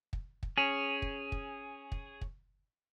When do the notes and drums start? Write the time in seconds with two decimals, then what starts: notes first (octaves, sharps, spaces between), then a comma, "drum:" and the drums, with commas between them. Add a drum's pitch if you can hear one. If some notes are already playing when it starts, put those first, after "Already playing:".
0.13 drum: kick
0.43 drum: kick
0.58 C#4 G#4
1.02 drum: kick
1.32 drum: kick
1.92 drum: kick
2.21 drum: kick